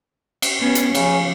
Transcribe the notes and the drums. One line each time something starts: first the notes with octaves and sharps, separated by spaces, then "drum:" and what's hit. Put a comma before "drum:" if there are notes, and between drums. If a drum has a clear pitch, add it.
drum: cymbal
B3 C#4
drum: hi-hat
C#3 F3, drum: cymbal